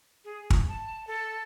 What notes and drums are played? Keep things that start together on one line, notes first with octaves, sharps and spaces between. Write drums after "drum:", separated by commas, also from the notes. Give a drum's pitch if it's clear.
G#4
drum: kick
A5
A4